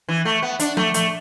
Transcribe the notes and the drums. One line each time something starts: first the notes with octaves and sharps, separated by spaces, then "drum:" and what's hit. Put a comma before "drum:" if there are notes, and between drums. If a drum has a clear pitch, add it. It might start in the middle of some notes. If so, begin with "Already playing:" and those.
E3
A3
B3
D4, drum: hi-hat
A3, drum: tom F3
A3, drum: hi-hat